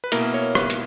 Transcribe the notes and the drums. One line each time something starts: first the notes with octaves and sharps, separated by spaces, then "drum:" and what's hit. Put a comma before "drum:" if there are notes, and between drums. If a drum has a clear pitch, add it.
B4
B2 A#3 E4 A#4, drum: hi-hat
C#5
B4, drum: rim click
drum: hi-hat